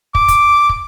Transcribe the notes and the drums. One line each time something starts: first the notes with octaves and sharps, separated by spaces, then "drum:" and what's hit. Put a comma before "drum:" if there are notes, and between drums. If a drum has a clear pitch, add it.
D6, drum: kick
drum: kick, hi-hat
drum: kick